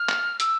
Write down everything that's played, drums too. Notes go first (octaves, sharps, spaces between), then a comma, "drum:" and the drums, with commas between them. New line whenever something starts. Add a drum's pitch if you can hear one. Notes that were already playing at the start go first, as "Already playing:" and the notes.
Already playing: F6
drum: clap
E6, drum: hi-hat